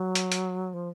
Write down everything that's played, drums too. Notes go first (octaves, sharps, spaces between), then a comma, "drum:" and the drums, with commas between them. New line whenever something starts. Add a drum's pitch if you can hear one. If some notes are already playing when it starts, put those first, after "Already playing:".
Already playing: F#3
drum: hi-hat
drum: hi-hat
F3